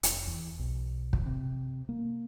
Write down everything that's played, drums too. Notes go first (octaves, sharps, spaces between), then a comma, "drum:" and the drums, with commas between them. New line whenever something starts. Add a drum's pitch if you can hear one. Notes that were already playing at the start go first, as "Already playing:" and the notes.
F1, drum: hi-hat
E2
B1
drum: kick
C3
A#3